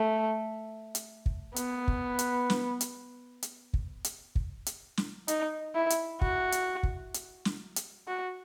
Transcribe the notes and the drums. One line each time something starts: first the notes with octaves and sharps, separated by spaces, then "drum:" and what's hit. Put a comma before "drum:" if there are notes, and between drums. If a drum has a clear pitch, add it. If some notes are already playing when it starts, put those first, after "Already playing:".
Already playing: A3
drum: hi-hat
drum: kick
B3, drum: hi-hat
drum: kick
drum: hi-hat
drum: snare
drum: hi-hat
drum: hi-hat
drum: kick
drum: hi-hat
drum: kick
drum: hi-hat
drum: snare
D#4, drum: hi-hat
E4
drum: hi-hat
F#4, drum: kick
drum: hi-hat
drum: kick
drum: hi-hat
drum: snare
drum: hi-hat
F#4